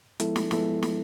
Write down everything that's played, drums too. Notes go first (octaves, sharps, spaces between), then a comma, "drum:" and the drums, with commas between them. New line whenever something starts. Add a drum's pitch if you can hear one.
F3 G#3 B3 E4 A4, drum: hi-hat
drum: snare
F3 G#3 B3 E4 A4, drum: snare
drum: snare